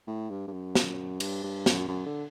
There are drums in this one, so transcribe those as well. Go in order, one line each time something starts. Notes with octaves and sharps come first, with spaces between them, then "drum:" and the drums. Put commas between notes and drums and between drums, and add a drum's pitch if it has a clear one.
A2
G2
G2
F#2
drum: snare
G2, drum: cymbal
G2
F#2, drum: snare
F#2
D3